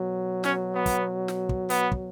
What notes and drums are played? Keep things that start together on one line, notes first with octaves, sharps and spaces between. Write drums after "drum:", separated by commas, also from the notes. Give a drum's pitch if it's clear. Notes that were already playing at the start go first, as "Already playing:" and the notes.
Already playing: B2 F#3
C#4, drum: snare
B3
drum: kick, hi-hat
drum: snare
drum: kick
B3, drum: hi-hat
drum: kick